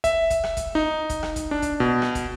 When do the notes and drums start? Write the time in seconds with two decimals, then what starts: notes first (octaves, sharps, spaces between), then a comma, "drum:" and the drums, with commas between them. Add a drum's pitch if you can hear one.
0.04 E5, drum: kick, hi-hat
0.30 drum: kick, hi-hat
0.43 drum: rim click
0.57 drum: kick, hi-hat
0.75 D#4
1.09 drum: kick, hi-hat
1.23 drum: rim click
1.36 drum: kick, hi-hat
1.51 D4
1.62 drum: kick, hi-hat
1.80 B2
2.02 drum: rim click
2.15 drum: kick, hi-hat